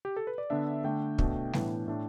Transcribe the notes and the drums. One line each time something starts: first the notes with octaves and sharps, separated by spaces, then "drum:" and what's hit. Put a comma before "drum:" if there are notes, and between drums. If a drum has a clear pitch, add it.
G4
A4
B4
D5
D3 B3 D4 E5
D3 A3 D4 G5
B2 A3 D4, drum: kick
A2 E3 B3 D4, drum: snare G3
A2 A3 D4